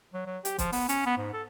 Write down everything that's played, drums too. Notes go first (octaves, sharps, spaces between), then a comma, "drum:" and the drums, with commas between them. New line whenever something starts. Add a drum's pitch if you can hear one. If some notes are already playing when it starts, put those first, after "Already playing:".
F#3
F#3
G4, drum: hi-hat
F3, drum: kick, hi-hat
B3, drum: open hi-hat
C#4, drum: hi-hat
B3
G#2
A4